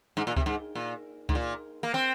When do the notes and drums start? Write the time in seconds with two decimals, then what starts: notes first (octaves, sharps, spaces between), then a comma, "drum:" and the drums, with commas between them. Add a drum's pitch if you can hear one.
0.17 G#2
0.27 A#2
0.36 C3, drum: kick C#2
0.46 G#2
0.75 A#2
1.29 G#2, drum: kick C#2
1.35 A#2
1.83 A#3
1.94 C4